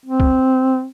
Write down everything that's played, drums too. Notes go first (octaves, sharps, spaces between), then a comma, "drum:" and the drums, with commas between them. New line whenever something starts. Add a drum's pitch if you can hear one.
C4
drum: kick C2